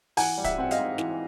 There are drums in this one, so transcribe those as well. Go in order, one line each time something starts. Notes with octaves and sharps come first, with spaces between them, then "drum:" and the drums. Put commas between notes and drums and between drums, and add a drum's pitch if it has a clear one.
E3 F#5 G#5, drum: open hi-hat
G3
E5 F#5, drum: kick, hi-hat
C4 F#5
D#5 F5, drum: hi-hat
G#2
E3, drum: snare